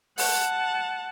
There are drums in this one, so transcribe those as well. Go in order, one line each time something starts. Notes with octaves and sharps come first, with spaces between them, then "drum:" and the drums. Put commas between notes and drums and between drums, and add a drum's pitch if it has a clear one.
F#5 A5, drum: open hi-hat